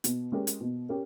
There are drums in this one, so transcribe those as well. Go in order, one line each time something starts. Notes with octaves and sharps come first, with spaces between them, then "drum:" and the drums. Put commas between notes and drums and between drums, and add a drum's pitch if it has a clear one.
B2, drum: hi-hat
G#3 C#4 G4 A#4
drum: hi-hat
B2
C#4 G4 A#4